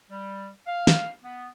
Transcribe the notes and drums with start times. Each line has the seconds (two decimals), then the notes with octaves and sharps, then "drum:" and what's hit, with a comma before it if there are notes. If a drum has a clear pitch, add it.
0.10 G3
0.67 F5
0.87 drum: snare
1.23 B3